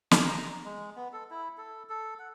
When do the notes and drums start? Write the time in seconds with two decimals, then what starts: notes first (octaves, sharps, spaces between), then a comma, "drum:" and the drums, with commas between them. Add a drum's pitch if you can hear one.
0.11 drum: snare
0.25 A#5
0.64 G#3
0.96 B3
1.13 A4
1.31 E4
1.58 A4
1.90 A4
2.19 F#5